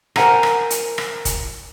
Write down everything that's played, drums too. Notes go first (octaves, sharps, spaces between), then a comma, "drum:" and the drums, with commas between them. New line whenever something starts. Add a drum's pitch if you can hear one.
A#4 C5 F#5 G#5 A#5, drum: rim click
drum: rim click
drum: hi-hat
drum: rim click
drum: kick F1, hi-hat